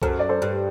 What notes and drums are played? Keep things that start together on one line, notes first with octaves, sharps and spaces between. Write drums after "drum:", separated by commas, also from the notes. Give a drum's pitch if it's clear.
F#2 A4 C5, drum: kick B1
D5
A4 C5
G2